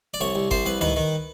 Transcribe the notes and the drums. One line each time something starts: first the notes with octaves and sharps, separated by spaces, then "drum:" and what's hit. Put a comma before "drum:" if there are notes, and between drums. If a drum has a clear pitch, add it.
D5
C2 C#5
C2
C2 C5, drum: kick G1
C2 B4
D#3 B4, drum: tom C#2
D#3